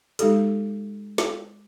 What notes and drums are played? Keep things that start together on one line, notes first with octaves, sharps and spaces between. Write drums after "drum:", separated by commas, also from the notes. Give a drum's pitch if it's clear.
G#3 D#4 G4 A4, drum: hi-hat
drum: snare